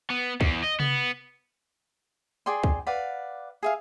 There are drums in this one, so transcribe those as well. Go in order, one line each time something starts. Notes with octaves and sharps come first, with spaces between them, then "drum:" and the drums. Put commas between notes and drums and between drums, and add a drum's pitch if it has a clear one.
B3
E2, drum: kick
D#5
B3, drum: tom C3
G#4 D5 G5 C6
drum: kick
B4 D5 F5 F#5
G#4 E5 F5